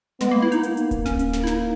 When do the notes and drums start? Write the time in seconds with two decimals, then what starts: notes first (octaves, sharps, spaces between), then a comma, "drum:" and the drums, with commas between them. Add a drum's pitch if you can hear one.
0.20 G#3 B3, drum: snare
0.31 A#3
0.42 E4
0.52 D#4, drum: hi-hat
0.63 A#3, drum: hi-hat
0.77 drum: hi-hat
0.91 drum: kick D1, hi-hat
1.06 C#4, drum: snare
1.19 drum: hi-hat
1.33 drum: snare
1.44 E4
1.47 D#4, drum: snare